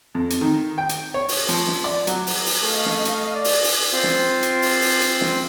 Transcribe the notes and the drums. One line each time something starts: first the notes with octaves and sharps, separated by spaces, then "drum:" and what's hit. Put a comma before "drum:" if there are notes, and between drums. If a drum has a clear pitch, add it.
F2
drum: hi-hat
D#3
G5
drum: hi-hat
C#5
drum: open hi-hat
F3, drum: hi-hat
drum: snare
D5
F#3, drum: hi-hat
drum: open hi-hat
drum: open hi-hat
A3 D#5 F5
drum: snare
drum: hi-hat
D5
drum: open hi-hat
drum: open hi-hat
C4 F4 C5
drum: snare
drum: hi-hat
drum: open hi-hat
drum: open hi-hat
drum: hi-hat
drum: snare